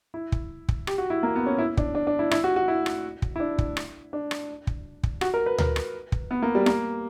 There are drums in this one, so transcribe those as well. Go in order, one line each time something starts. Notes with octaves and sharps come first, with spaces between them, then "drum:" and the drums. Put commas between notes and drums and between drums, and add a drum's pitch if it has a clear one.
E4
drum: kick
drum: kick
G4, drum: rim click
F#4
E4
A#3
B3
C#4
E4
D4, drum: kick
D4
D4
E4
E4, drum: rim click
F#4
F#4
E4
drum: rim click
drum: kick
E4
D4
drum: kick
drum: rim click
D4
drum: rim click
drum: kick
drum: kick
F#4, drum: rim click
A#4
B4
A#4, drum: tom D2
drum: rim click
drum: kick
B3
A#3
G3
A#3, drum: rim click